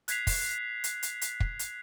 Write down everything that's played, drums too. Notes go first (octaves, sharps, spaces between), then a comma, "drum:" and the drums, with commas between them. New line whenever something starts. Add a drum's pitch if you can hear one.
F#6 G#6 B6 C7 F7, drum: hi-hat
drum: kick, open hi-hat
drum: hi-hat
drum: hi-hat
drum: hi-hat
drum: kick
drum: hi-hat